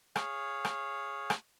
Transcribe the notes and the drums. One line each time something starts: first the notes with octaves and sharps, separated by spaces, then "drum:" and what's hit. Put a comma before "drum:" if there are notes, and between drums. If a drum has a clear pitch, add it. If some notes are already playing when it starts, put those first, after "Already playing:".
G#4 C#5 F5, drum: rim click
drum: rim click
drum: rim click